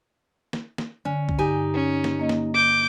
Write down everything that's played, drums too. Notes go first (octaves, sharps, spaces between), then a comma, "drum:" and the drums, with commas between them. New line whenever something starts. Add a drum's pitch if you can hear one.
drum: snare
drum: snare
D3 C#4
drum: kick B1
G2 D#4 G4 G#5
C#4
drum: snare
A#3 D#5
drum: snare
D6 G6